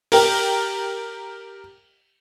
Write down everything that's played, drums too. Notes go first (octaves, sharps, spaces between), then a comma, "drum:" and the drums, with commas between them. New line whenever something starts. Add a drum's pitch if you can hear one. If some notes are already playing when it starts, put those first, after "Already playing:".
G4 A#4, drum: open hi-hat